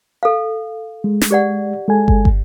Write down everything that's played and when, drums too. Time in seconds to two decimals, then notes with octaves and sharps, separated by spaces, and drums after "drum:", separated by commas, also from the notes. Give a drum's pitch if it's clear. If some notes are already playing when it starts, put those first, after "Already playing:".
0.23 A4 F5
1.04 G#3
1.21 drum: snare
1.31 G4 D5 F#5
1.88 G#3 A4 G#5
2.08 drum: kick
2.25 drum: kick